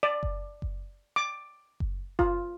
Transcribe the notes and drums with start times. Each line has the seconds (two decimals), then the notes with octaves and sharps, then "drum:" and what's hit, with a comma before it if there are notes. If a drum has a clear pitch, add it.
0.03 D5
0.23 drum: kick F#1
0.62 drum: kick F#1
1.16 D6
1.80 drum: kick F#1
2.19 F4, drum: kick F#1